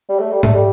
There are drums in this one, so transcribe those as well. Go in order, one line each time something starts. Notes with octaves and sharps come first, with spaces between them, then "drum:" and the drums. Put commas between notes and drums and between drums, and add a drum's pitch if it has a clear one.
G3
A3
G3
A3, drum: tom G#2
G3